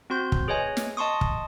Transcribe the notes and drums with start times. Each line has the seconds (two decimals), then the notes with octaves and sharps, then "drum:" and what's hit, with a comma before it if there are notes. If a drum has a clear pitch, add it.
0.10 C4 F#4 C6 G6
0.32 drum: kick
0.48 G#4 B4 C#5 D#5 G#5
0.77 drum: snare
0.97 D#5 A5 C6 C#6 D#6
1.21 drum: kick